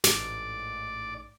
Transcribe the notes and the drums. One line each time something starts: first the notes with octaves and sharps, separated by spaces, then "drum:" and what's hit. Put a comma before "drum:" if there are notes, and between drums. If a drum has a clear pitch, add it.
A1 G#2 D5, drum: snare